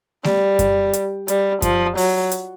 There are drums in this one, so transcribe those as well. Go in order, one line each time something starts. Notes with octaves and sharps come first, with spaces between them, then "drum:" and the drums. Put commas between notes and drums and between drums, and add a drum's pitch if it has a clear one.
G3, drum: snare A3
drum: kick F#2, hi-hat
drum: hi-hat
G3, drum: hi-hat
F3, drum: kick F#2, hi-hat
F#3, drum: open hi-hat
drum: hi-hat